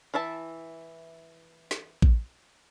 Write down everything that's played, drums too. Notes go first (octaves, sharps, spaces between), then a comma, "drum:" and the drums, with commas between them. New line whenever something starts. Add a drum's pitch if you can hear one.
E3 E4 E5 A5
drum: snare
drum: kick A1